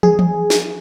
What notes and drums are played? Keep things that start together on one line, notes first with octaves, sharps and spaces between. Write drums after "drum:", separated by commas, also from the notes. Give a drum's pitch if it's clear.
G#4, drum: tom
drum: tom E3
drum: snare